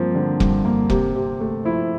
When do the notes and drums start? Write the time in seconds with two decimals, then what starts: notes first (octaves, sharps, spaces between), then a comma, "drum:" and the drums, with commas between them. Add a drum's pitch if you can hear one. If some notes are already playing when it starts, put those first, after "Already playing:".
Already playing: G2 F3 A#3 C4
0.15 D3
0.40 G2, drum: kick
0.65 A#3
0.90 C3, drum: kick
1.15 C3
1.41 A3
1.65 F3 E4